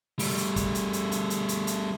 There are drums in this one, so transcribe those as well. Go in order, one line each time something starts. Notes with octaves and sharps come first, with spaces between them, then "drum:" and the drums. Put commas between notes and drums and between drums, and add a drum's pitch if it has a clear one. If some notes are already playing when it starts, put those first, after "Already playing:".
G3 A3, drum: open hi-hat
drum: hi-hat
drum: kick, hi-hat
drum: hi-hat
drum: hi-hat
drum: hi-hat
drum: hi-hat
drum: hi-hat
drum: hi-hat